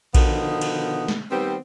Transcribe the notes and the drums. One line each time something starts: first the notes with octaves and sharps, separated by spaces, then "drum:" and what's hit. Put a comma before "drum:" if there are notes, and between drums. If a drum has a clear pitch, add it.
B2 D3 D#3 F3 B3 D#4, drum: kick A#1, cymbal
drum: cymbal
drum: snare
D#3 G3 B3 C4